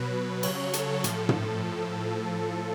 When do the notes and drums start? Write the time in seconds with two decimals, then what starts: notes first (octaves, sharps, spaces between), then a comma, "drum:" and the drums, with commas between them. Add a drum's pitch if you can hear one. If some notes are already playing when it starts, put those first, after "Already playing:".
Already playing: B2 F#3 B4
0.43 C#3 F#3 C#5, drum: cymbal
0.73 A4, drum: hi-hat
1.04 A2 F3, drum: hi-hat
1.29 drum: tom